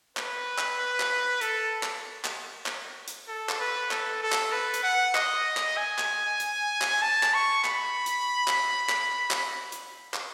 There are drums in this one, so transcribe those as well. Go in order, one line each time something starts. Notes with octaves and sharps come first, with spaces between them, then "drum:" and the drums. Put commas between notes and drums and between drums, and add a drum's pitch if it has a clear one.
B4, drum: clap
drum: clap
drum: clap
A4, drum: hi-hat
drum: clap
drum: clap
drum: clap
drum: hi-hat
A4
drum: clap
B4
A4, drum: clap
A4
drum: clap
B4
drum: hi-hat
F#5
D#5, drum: clap
drum: clap
G#5
drum: clap
drum: hi-hat
drum: clap
A5
drum: clap
C#6
B5, drum: clap
drum: hi-hat
drum: clap
drum: clap
drum: clap
drum: hi-hat
drum: clap